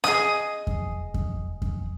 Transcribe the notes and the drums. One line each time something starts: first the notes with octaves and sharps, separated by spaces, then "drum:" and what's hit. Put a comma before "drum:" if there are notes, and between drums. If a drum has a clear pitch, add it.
G#4 D#5 G#5 D#6, drum: rim click
drum: kick F2
drum: kick F2
drum: kick F2